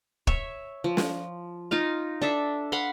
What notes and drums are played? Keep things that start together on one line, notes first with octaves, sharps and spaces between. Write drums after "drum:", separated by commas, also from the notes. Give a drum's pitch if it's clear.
C#5 E5, drum: kick
F3
drum: snare
D#4 F4 F5
D4 A4 E5
F5 F#5 B5 C6